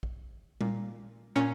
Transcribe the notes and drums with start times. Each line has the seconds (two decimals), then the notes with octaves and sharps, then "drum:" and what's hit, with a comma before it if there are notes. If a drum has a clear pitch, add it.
0.03 drum: kick
0.61 A#2, drum: tom G3
1.36 A#2 C#4